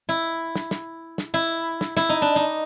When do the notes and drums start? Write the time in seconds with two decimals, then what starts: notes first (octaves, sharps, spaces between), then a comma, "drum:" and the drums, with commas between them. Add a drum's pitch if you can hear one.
0.09 E4
0.56 drum: snare
0.71 drum: snare
1.18 drum: snare
1.34 E4
1.81 drum: snare
1.97 E4, drum: snare
2.09 D#4
2.22 D4
2.36 D#4